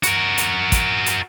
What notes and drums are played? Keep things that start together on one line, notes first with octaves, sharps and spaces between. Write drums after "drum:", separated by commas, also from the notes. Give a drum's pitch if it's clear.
F#4 A#4, drum: hi-hat
drum: hi-hat
drum: kick, hi-hat
drum: hi-hat